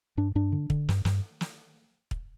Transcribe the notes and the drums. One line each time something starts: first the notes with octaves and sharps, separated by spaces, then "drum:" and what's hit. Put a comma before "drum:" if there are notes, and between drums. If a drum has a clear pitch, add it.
G2 D4
G2 D4
D3
D3, drum: kick
G2, drum: snare
G2, drum: snare
drum: snare
drum: kick